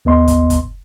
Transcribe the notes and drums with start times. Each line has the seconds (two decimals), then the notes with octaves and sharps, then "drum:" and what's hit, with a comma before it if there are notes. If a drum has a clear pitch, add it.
0.05 D#2 B3 D#5 C6
0.28 drum: kick, hi-hat
0.50 drum: kick, hi-hat